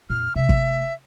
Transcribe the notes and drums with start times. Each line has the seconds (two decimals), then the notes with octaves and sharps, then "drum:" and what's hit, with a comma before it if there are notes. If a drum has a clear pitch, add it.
0.10 F2 A#2 F6
0.36 C3 A3 E5
0.49 drum: kick